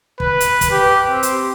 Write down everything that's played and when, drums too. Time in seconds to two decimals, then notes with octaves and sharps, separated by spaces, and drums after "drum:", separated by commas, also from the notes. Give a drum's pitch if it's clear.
0.20 B4, drum: kick
0.40 drum: hi-hat
0.61 drum: kick, hi-hat
0.71 G4
1.10 C4
1.23 drum: hi-hat